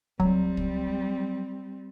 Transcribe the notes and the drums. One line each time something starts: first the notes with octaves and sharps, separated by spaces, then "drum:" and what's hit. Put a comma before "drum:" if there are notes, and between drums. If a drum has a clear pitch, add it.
F#3 G3 C4, drum: kick
drum: kick